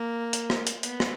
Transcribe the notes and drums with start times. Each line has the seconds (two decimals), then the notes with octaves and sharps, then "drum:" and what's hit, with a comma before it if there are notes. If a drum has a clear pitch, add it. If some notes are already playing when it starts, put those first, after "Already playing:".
Already playing: A#3
0.33 drum: hi-hat
0.50 drum: rim click
0.67 drum: hi-hat
0.83 B3, drum: hi-hat
1.00 drum: rim click